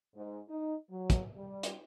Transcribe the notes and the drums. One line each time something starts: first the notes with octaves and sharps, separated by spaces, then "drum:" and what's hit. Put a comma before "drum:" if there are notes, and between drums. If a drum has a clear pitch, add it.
G#2
D#4
F#3
drum: kick, hi-hat
G3
drum: hi-hat